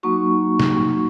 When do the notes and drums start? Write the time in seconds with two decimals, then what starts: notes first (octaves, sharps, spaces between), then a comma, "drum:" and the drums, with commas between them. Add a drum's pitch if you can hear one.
0.03 F#3 A#3 D#4 F#4 C#6
0.60 drum: snare